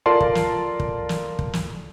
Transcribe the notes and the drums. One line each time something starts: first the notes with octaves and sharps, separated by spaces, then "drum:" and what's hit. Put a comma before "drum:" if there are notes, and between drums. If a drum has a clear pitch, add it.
F4 A4 A#4 D5 A5 C6
drum: kick
drum: snare
drum: kick
drum: snare
drum: kick
drum: snare